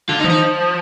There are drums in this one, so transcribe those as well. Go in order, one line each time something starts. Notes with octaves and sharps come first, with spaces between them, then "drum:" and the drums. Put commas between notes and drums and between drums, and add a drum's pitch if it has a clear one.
D3 F4
D#4
F3, drum: tom D#3
D#4